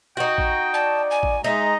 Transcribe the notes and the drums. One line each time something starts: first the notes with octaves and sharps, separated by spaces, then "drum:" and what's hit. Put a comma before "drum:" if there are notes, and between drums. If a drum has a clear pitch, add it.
D#4 F#4 G5
drum: kick A1
D5 A5
G#5
drum: kick A1
G#3 D#4 E5 A#5